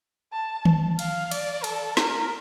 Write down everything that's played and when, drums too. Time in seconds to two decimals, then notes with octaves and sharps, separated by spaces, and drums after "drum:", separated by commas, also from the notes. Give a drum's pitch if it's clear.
0.33 A5
0.65 drum: tom D#3
0.99 F5, drum: cymbal
1.31 D5, drum: cymbal
1.64 A4, drum: cymbal
1.97 A#4, drum: snare